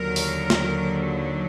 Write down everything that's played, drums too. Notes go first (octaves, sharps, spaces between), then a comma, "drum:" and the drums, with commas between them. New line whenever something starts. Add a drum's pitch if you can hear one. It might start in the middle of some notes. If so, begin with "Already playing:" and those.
Already playing: D#2 D3 F#3 A#4
drum: open hi-hat
drum: snare